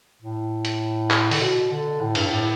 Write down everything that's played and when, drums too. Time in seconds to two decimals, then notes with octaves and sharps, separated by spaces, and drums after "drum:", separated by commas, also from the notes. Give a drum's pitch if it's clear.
0.22 A2
0.65 drum: hi-hat
1.11 drum: clap
1.31 D3, drum: open hi-hat
1.41 B2
1.71 D3
2.01 A2
2.15 G2, drum: cymbal
2.27 A2